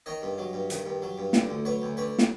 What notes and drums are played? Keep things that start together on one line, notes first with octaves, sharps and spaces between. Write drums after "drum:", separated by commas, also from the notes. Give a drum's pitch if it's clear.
D#3 C#5 D#5
G2
F#3
G2
D#3, drum: hi-hat
G2
F#3
G2
D3, drum: snare
D2
F#3 B4 C#5
D2
D3 B4 C#5
drum: snare